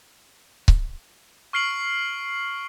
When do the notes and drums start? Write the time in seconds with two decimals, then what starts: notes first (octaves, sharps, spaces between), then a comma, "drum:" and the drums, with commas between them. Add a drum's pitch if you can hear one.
0.68 drum: kick C#1
1.53 C#6 F6 C7 D7 F#7